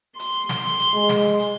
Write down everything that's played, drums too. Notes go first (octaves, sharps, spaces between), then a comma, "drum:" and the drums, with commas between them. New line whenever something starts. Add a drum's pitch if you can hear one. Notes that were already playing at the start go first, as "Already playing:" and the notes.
C6, drum: hi-hat
drum: snare
drum: hi-hat
G#3
drum: snare
drum: hi-hat